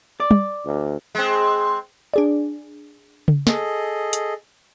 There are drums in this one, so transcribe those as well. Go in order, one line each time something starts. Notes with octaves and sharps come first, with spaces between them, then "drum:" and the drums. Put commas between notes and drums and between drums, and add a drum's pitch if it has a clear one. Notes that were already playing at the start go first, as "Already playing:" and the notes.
D5
drum: tom
D2
G#3 C4
D4 G#4 D5
drum: tom C#3
G#4 A4 D#5, drum: snare
drum: hi-hat